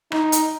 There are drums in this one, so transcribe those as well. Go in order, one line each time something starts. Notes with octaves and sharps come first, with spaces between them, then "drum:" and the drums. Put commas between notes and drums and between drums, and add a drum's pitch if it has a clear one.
D#4, drum: rim click
drum: hi-hat